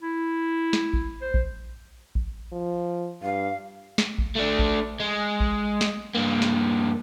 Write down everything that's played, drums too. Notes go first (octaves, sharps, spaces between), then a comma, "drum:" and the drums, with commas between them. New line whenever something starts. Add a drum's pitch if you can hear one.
E4
drum: snare
drum: kick A1
C5
drum: kick A1
drum: kick A1
F3
G2 F5
drum: snare
drum: kick A1
A3 D4
drum: kick A1
G#3
drum: kick A1
drum: snare
G2 A#3
drum: snare